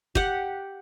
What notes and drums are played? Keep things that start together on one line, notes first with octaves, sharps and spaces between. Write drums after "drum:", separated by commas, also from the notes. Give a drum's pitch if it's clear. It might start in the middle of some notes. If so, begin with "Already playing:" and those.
G4 F#5, drum: kick